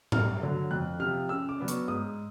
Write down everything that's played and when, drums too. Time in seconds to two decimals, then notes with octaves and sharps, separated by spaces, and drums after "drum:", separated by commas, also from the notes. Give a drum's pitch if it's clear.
0.12 G2 F6, drum: tom A2
0.42 D3 F#3
0.71 F2 F#6
1.00 C3 F3 F6
1.29 C#3 E6
1.49 D6
1.58 F#3 B3 D4
1.68 C#6, drum: hi-hat
1.88 G#2 D#6